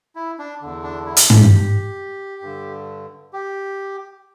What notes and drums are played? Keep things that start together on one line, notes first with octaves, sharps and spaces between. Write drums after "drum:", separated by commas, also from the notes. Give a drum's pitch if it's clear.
E4
D4
E2 D3
D4
E4
drum: hi-hat
G4, drum: tom
G2 D3
G4